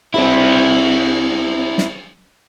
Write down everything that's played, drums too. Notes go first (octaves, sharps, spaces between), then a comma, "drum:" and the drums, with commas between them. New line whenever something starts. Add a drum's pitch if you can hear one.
C4 E4, drum: cymbal
drum: snare